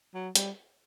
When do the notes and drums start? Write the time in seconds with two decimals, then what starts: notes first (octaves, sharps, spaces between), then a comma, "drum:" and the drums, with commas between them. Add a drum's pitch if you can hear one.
0.14 F#3
0.35 G3, drum: hi-hat